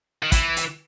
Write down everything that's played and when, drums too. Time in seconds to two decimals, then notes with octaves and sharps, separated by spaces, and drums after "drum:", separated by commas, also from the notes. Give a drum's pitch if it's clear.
0.23 D#3
0.32 E3, drum: kick, hi-hat
0.57 drum: hi-hat